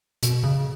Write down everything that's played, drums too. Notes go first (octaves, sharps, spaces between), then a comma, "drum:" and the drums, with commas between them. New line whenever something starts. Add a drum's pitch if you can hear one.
B2, drum: hi-hat
C#3